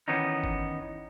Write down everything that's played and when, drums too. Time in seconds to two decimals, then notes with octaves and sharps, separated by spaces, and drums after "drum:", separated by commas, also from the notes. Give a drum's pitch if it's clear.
0.08 D#3 E3 B3 C#4 D#4
0.44 drum: kick G1